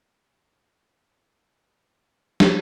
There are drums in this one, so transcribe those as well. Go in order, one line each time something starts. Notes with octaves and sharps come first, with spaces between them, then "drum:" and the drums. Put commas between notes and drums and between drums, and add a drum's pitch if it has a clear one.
B5 C#6
drum: snare